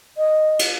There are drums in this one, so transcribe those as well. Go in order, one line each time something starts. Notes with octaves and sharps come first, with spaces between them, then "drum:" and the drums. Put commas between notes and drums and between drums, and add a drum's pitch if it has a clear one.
D#5
drum: cymbal